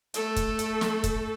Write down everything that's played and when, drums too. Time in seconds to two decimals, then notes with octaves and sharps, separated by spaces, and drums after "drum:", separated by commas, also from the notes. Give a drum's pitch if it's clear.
0.14 A3 A4, drum: hi-hat
0.36 drum: kick, hi-hat
0.59 drum: hi-hat
0.81 drum: snare
1.04 drum: kick, hi-hat